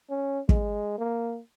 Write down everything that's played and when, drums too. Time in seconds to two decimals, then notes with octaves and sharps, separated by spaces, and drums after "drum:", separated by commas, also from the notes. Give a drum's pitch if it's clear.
0.10 C#4
0.49 G#3, drum: kick
0.98 A#3